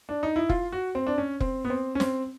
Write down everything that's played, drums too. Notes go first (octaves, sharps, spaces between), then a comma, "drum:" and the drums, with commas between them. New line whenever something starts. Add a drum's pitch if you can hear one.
D4
D#4
E4
F4, drum: kick F1
F#4
C4
D4
C#4
C4, drum: kick F1
B3
C4
C#4
C4, drum: snare